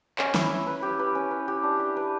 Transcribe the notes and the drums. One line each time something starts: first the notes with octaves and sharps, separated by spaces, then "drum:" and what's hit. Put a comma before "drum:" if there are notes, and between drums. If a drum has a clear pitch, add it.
C#4, drum: clap
E4, drum: snare
E4
B4
G4
B4
C#4
B4
G4
D4
G4
B4